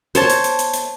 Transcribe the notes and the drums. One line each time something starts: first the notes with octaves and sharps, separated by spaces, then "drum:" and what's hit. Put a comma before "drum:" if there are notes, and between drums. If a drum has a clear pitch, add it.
C5 C#5 A5, drum: hi-hat
drum: hi-hat
drum: hi-hat
drum: hi-hat
drum: hi-hat